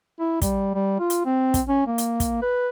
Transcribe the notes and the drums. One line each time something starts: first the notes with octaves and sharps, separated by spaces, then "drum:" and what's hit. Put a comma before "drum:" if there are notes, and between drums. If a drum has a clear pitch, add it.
E4
G3, drum: kick, hi-hat
G3
F4
drum: hi-hat
C4
drum: kick, hi-hat
C#4
A#3
drum: hi-hat
drum: kick, hi-hat
B4